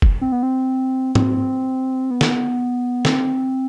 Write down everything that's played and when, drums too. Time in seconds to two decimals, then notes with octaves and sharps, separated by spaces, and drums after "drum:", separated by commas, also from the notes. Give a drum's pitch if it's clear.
0.02 drum: kick
0.21 C4
0.32 B3
0.43 C4
1.15 C4, drum: tom G#2
2.11 B3
2.21 drum: snare
3.05 C4, drum: snare